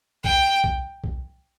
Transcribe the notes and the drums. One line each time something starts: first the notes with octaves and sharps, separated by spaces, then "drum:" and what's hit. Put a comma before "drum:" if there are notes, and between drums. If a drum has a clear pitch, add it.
G5, drum: kick B1
drum: kick B1
drum: kick B1